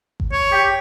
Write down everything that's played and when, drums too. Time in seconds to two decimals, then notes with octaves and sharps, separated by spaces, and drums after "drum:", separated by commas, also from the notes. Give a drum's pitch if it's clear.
0.20 drum: kick G#1
0.32 C#5
0.52 G4